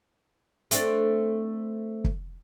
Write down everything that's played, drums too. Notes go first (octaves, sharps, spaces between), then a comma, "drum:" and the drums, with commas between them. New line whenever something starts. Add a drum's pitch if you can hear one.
A3 C4 D4, drum: hi-hat
drum: kick